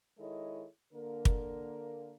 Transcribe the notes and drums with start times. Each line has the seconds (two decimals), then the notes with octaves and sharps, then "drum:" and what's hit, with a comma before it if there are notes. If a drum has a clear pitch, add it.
0.17 D#3 G#3 E4 A4 C#5 D#5
0.93 D3 A#3 A#4
1.25 drum: kick